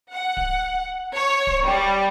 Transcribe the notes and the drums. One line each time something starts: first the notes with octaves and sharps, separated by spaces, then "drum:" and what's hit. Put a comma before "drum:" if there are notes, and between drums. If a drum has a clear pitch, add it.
F#5
drum: kick D1
C#5
drum: kick D1
G3